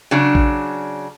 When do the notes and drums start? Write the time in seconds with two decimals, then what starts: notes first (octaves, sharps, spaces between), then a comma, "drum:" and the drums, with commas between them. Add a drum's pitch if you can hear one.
0.11 C#3 F#3 D4
0.35 drum: kick A1